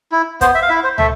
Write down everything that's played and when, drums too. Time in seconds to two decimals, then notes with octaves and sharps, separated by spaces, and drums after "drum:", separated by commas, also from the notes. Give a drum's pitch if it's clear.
0.12 E4
0.41 B3 C5, drum: kick, hi-hat
0.55 E5
0.62 F5
0.69 E4 E5
0.84 C5
0.98 A3 E5, drum: tom